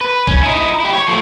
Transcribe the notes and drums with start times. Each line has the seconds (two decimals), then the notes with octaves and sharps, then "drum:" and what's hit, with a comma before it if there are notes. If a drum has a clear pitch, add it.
0.01 B4
0.27 C#4, drum: kick
0.43 D#4 E4
0.80 E4 G4
0.93 C#5
1.08 F3 A3